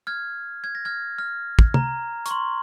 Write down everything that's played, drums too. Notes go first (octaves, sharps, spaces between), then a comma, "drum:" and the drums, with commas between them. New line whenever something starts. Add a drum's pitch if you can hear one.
F6 G#6
G#6
A#6
F6 G#6
F6
drum: kick
A#5, drum: tom
C#6, drum: hi-hat
C6